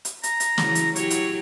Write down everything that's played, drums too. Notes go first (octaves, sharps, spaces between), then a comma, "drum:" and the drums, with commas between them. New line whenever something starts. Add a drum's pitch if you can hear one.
drum: hi-hat
A#5, drum: hi-hat
drum: hi-hat
C#3 E3 F#3, drum: snare
drum: hi-hat
F#3 E4 G4 C#5, drum: hi-hat
drum: hi-hat